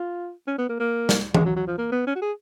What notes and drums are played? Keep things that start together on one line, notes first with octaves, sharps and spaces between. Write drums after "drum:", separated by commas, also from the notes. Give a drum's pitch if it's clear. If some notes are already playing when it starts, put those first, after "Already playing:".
Already playing: F4
C#4
B3
A#3
A#3
drum: snare
G#3, drum: tom E3
F#3
F#3
F3
A#3
B3
C#4
F#4
G#4